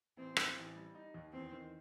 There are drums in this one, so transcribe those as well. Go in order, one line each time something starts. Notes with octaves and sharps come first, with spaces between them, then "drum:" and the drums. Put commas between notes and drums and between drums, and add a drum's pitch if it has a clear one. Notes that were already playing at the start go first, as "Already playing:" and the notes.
A1 C4
A1, drum: rim click
A1
G3
D#4
D#2
E2 C4
D#3